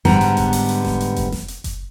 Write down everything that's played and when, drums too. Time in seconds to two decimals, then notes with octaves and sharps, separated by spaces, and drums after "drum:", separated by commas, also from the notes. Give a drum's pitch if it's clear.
0.05 G#2 D3 G3 B3 A#5, drum: snare F1
0.21 drum: hi-hat
0.37 drum: kick F#1, hi-hat
0.53 drum: open hi-hat
0.69 drum: hi-hat
0.85 drum: snare F1
1.00 drum: hi-hat
1.16 drum: kick F#1, hi-hat
1.32 drum: snare F1
1.48 drum: hi-hat
1.64 drum: kick F#1, hi-hat